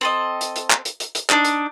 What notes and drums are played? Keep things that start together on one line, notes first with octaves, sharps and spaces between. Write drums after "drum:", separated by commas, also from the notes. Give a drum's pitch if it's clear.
C4 A4 D#5
drum: hi-hat
drum: hi-hat
drum: clap
drum: hi-hat
drum: hi-hat
drum: hi-hat
D4 D#4, drum: clap
drum: hi-hat